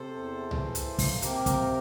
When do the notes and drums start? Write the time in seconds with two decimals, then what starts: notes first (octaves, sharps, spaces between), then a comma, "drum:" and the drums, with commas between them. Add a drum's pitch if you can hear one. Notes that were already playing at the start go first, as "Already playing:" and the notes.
Already playing: C3 A4 C5
0.15 E2
0.51 E3, drum: tom C2
0.75 drum: hi-hat
0.87 A#3
0.99 drum: kick, open hi-hat
1.22 C3 G4 A#4, drum: hi-hat
1.46 drum: kick, hi-hat